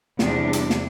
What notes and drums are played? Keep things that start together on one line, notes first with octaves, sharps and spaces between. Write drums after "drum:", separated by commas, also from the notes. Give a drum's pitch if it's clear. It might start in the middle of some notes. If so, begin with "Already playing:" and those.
E2 C3 G3 D4, drum: snare
drum: hi-hat
drum: snare